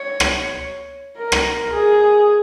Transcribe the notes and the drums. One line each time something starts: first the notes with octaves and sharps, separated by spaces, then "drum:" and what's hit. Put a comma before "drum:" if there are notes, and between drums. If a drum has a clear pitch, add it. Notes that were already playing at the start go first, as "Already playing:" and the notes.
Already playing: C#5
drum: rim click
A#4
drum: rim click
G#4